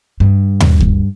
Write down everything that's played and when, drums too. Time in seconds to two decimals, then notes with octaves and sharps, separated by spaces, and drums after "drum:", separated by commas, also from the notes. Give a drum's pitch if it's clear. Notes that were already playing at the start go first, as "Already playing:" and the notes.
0.20 G2
0.60 drum: tom D#2
0.80 drum: kick